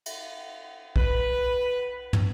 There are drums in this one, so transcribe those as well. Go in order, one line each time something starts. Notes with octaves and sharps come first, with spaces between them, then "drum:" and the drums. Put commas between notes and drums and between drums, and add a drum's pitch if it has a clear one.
drum: cymbal
B4, drum: kick A#1
drum: tom